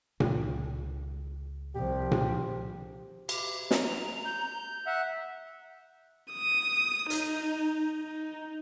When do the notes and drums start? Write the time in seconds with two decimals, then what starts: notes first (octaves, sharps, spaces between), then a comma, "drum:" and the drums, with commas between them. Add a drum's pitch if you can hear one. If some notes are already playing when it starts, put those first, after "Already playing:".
0.20 C#2, drum: tom A#2
1.75 C2 F3 G4
2.11 drum: tom A#2
3.29 G4, drum: cymbal
3.71 A#5, drum: snare
4.25 G6
4.86 E5 F#5
6.33 D#6
7.10 D#4, drum: hi-hat
7.99 D#4